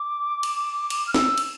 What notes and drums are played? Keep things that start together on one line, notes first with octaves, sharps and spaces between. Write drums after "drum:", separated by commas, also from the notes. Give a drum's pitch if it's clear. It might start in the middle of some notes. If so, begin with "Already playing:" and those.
Already playing: D6
drum: cymbal
drum: cymbal
F6
E6, drum: snare
drum: cymbal